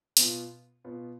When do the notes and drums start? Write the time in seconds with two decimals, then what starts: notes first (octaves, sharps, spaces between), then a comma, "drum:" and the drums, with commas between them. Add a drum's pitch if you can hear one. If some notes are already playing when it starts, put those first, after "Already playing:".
0.17 B2 B3 F4, drum: hi-hat
0.84 B2 B3 F4